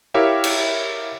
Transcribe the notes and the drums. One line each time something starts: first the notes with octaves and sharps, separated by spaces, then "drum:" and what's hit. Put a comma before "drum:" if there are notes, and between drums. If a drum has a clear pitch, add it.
E4 G4 A#4 C#5 E5 F5
drum: cymbal